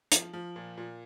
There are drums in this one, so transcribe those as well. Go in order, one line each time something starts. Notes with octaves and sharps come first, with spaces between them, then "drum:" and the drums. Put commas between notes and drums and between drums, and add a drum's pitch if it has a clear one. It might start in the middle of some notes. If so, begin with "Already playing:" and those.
F3, drum: hi-hat
F3
A#2
A#2